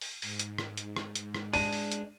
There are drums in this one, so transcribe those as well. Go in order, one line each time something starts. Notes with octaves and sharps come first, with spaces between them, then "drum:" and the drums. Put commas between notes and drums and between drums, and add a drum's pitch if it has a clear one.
drum: open hi-hat
G#2, drum: open hi-hat
drum: hi-hat
drum: rim click
drum: hi-hat
drum: rim click
drum: hi-hat
drum: rim click
G#3 D4 D#7, drum: open hi-hat
drum: open hi-hat
drum: hi-hat